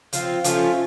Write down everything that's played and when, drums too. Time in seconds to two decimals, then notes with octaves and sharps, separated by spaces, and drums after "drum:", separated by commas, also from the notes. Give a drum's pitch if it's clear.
0.13 F3 C4 F4, drum: hi-hat
0.44 F3 A3 C#4 F4, drum: hi-hat